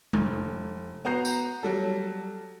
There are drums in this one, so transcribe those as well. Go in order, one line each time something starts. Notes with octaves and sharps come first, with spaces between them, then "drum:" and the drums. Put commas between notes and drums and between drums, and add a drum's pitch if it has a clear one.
F1, drum: tom G#3
B3 F#4 A#5 G6 C7
drum: tambourine
F#3 G3 A4